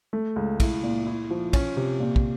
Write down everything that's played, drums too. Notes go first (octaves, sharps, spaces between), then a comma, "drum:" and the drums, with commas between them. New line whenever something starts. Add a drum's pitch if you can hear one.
A3
C#2
E4, drum: kick, cymbal
A#2
E4
F3
C#4, drum: kick, cymbal
C3
A#2
drum: kick